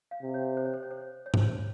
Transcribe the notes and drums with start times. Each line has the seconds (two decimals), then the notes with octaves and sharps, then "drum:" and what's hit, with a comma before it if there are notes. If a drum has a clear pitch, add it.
0.11 F5
0.22 C3
0.34 C#5
0.57 C5
0.65 C#5
0.73 C5
0.83 C#5
0.91 C5
1.26 C#5
1.34 C5, drum: tom
1.41 C#5